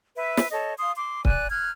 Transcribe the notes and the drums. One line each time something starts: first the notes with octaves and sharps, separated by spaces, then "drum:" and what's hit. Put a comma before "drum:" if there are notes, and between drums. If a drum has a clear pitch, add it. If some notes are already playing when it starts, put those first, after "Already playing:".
B4 E5
drum: snare
A4 C#5 D#5
F5 C6 D#6
C6 D6
D5 G#5 F#6, drum: kick C#1
F6 F#6 G#6